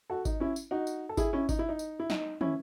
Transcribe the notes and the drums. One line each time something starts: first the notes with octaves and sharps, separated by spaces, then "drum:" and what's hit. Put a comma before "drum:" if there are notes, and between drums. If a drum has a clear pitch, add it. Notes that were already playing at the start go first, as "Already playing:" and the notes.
F#4 A4
D#4, drum: kick G#1, tambourine
C#4 E4
drum: tambourine
D#4 F#4
drum: tambourine
A4
E4 G#4, drum: kick G#1, tambourine
C#4 E4
D#4, drum: kick G#1, tambourine
E4
D#4
drum: tambourine
E4
D#4, drum: snare
C#4 E4, drum: tom